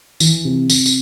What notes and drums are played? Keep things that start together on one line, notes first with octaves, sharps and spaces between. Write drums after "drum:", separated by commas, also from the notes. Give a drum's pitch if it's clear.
E3, drum: tambourine
C3
C3, drum: tambourine
drum: tambourine